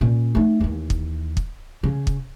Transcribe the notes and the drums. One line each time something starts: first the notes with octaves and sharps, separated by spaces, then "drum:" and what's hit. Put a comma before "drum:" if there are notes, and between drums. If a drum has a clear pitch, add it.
A#2 C#4
A3 D#4
D#2 E3
drum: kick
drum: kick
C#3
drum: kick